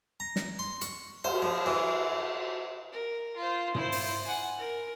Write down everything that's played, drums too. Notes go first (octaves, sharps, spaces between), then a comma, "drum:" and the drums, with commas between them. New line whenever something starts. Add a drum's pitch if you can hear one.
A#5
drum: snare
C6
C#6, drum: hi-hat
C5, drum: cymbal
F3
E3
A#4
F4 C5
E4 C5, drum: tom
drum: open hi-hat
F#5 G#5
A#4